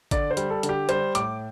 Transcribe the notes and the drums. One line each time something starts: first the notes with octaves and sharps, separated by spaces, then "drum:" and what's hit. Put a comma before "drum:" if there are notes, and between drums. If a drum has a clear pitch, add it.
D3 D5, drum: kick, hi-hat
C5
G3, drum: hi-hat
A4
D3, drum: hi-hat
G4
G3 C5, drum: hi-hat
A2 D6, drum: hi-hat